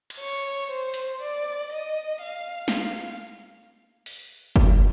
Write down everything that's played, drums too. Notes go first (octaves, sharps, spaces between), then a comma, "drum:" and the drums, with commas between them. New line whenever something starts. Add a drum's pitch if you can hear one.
drum: cymbal
C#5
C5
drum: hi-hat
D5
D#5
F5
drum: snare
drum: open hi-hat
drum: kick F#1